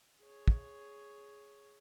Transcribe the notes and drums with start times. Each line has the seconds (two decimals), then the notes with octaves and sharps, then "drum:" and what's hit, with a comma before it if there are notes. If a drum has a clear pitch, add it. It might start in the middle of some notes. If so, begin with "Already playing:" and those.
0.21 G#4 C#5
0.48 drum: kick